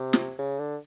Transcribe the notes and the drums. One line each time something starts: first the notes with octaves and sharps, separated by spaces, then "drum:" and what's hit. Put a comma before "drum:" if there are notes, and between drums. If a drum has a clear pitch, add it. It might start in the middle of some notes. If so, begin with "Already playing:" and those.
Already playing: C3
drum: snare
C#3
D3